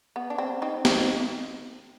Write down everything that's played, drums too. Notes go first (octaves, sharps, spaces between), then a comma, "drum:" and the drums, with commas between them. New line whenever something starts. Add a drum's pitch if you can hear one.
B3
D4
C4
C4 D#4
C4 D#4, drum: snare